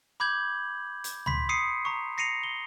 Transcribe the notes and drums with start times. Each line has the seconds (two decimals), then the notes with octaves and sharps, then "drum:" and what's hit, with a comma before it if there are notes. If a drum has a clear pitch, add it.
0.20 B5 D6 G6 G#6 F#7
1.04 drum: hi-hat
1.26 B5 C6 B6, drum: tom D2
1.49 D#6 C7 C#7 D#7
1.85 A#5 C#6
2.18 A#6 C7 C#7 D#7 F7
2.43 G7